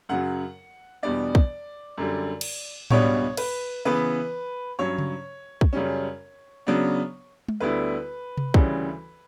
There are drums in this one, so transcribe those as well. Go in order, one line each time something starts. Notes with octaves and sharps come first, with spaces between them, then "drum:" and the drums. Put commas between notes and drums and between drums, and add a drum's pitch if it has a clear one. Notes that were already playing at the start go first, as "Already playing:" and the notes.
F#2 C#3 F#3 F#5
E2 B2 G3 B3 D4 D5
drum: kick
F#2 D3 G3
drum: cymbal
C#2 B2 G3 B3 D4 C#5, drum: tom A2
B4, drum: cymbal
C#3 E3 B3 B4
G2 F#3 C#4 C#5
drum: tom C#3
drum: kick
F#2 C#3 G3 C#4
C#3 F#3 B3 D4
drum: tom G#3
D2 D3 G3 B3 E4 B4
drum: tom C3
D2 C#3 E3 G3 C#4, drum: kick